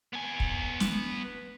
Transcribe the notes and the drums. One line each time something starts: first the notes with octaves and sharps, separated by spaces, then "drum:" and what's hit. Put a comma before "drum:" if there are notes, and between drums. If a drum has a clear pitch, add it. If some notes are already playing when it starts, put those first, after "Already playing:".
B3 G#5
drum: kick
drum: snare